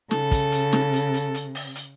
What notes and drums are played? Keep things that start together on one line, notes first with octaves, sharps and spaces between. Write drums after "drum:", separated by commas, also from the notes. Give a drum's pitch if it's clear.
C#3 A4, drum: snare
drum: kick, hi-hat
drum: hi-hat
drum: snare
drum: hi-hat
drum: hi-hat
drum: hi-hat
drum: open hi-hat
drum: hi-hat